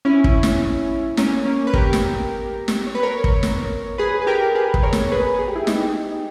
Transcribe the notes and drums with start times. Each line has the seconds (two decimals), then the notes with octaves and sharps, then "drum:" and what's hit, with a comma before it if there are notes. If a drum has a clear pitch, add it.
0.05 C#4 E4
0.24 drum: kick
0.43 drum: snare
1.17 A#3 C#4, drum: snare
1.45 A#3 C#4
1.67 B4
1.74 G4 A#4, drum: kick
1.93 drum: snare
2.68 drum: snare
2.87 C#5
2.95 B4
3.03 A#4 C#5
3.24 drum: kick
3.43 drum: snare
3.98 G#4 B4
4.22 B4
4.27 G4 A#4
4.55 G#4 B4
4.74 drum: kick
4.83 A#4 C#5
4.93 drum: snare
5.12 G#4 B4
5.39 G#4
5.48 G4
5.55 E4 G#4
5.67 D#4 G4, drum: snare
6.11 D#4